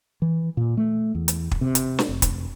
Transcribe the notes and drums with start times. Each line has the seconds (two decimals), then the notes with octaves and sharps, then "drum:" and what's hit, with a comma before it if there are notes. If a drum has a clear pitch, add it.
0.22 E3
0.57 A#2
0.77 A3
1.15 E2
1.28 drum: hi-hat
1.51 drum: kick
1.61 C3
1.75 drum: hi-hat
1.99 drum: snare
2.09 F1
2.22 drum: kick, hi-hat